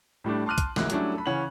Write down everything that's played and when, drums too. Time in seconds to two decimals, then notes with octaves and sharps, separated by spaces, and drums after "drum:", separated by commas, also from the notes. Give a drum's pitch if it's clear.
0.24 A2 G3 A3 D4
0.46 A5 C6 D6 F6 F#6 D#7
0.58 drum: kick, hi-hat
0.76 A1 D2 G#3 A#3 E4 F#6, drum: snare
0.90 F#3 G3 A3 C#4 D4 E4, drum: hi-hat
1.14 A4 B5
1.26 C#3 E3 C#4 F#5 F#7